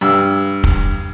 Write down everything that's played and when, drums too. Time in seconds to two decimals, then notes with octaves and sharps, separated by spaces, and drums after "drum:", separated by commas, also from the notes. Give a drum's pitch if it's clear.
0.01 G2 E6
0.64 drum: kick F1